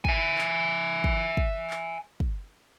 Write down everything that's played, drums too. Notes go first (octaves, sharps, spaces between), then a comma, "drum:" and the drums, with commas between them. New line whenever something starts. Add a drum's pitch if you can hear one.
E5 G#5, drum: kick
drum: clap
drum: kick
drum: kick
drum: clap
drum: kick